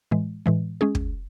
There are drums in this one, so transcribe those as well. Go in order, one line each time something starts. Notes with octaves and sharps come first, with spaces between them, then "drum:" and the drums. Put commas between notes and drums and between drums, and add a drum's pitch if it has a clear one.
A2 E3 G#3
A2 E3 G#3
G#3 C#4 G#4
drum: kick